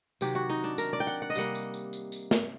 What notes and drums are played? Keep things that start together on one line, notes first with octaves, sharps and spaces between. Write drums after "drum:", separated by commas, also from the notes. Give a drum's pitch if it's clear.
C3 D#3 F#3 G4, drum: tambourine
F#4
D#4
D4
A#4, drum: tambourine
D5
G5
F#5
F#5
D#5
C3 G3 A#3 F#5, drum: tambourine
drum: tambourine
drum: tambourine
drum: tambourine
drum: tambourine
drum: snare